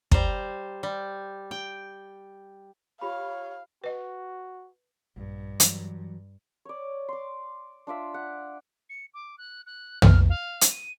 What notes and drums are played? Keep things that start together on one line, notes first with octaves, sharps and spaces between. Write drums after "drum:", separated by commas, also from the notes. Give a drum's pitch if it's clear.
G3 C5 A#5, drum: kick
G3
G5
F4 G4 C#5 F5 B5
F#4 B4 D#5
A#1 G2
E3 F#3, drum: hi-hat
C#5 D5
C6 D6
D4 F4 D5 E5
F#5
C#7
D6
F#6
F#6
F6, drum: tom
F5
drum: hi-hat
D#7